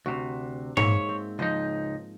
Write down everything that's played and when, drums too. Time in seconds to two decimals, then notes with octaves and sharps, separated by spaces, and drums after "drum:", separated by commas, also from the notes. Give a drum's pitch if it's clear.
0.06 D2 C3 F#4
0.77 G#2 A#3 C#5 E5, drum: tom G#2
1.09 C4
1.39 C#2 F3 D#4 C5 D#5